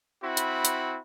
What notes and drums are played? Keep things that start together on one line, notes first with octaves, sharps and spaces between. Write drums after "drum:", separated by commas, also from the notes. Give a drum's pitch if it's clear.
C4 E4 F#4 B5
drum: hi-hat
drum: hi-hat